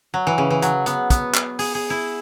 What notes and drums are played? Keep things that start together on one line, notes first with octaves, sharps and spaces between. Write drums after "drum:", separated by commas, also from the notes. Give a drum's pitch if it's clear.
F#3
E3
C#3
E3
F#3, drum: hi-hat
B3, drum: hi-hat
B3, drum: kick, hi-hat
drum: clap
G#4, drum: open hi-hat
G#4
E4